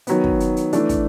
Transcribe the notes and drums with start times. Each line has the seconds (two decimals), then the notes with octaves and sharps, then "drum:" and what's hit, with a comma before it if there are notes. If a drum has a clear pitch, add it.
0.07 D#3 F#3 B3, drum: hi-hat
0.24 drum: kick
0.40 drum: hi-hat
0.57 drum: hi-hat
0.73 E3 A3 D4, drum: hi-hat
0.89 drum: kick, hi-hat